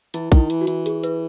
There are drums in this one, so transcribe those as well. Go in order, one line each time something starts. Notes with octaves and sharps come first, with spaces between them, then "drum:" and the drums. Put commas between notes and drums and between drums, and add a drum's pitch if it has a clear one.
E3 E4, drum: hi-hat
D#3, drum: kick, hi-hat
E4
E3, drum: hi-hat
F#4
E3, drum: hi-hat
G#4, drum: hi-hat
B4, drum: hi-hat